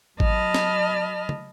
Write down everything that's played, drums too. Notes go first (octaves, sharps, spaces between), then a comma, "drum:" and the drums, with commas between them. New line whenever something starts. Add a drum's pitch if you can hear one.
F#3 D#5 A5 B5 F6, drum: kick G#1
drum: snare
drum: tom